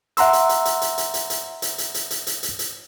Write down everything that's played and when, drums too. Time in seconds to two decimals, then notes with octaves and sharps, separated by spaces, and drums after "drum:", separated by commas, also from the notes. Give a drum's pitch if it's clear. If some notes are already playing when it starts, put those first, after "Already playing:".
0.17 E5 F#5 A#5 C6 E6, drum: hi-hat
0.33 drum: hi-hat
0.49 drum: hi-hat
0.65 drum: hi-hat
0.81 drum: hi-hat
0.98 drum: hi-hat
1.14 drum: hi-hat
1.30 drum: hi-hat
1.62 drum: hi-hat
1.78 drum: hi-hat
1.94 drum: hi-hat
2.11 drum: hi-hat
2.27 drum: hi-hat
2.43 drum: hi-hat
2.59 drum: hi-hat